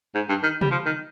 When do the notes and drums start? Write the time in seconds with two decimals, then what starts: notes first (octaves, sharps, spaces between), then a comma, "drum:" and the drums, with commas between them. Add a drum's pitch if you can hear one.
0.15 G#2
0.29 G2
0.43 D#3
0.61 G3, drum: tom C3
0.71 F3
0.86 D#3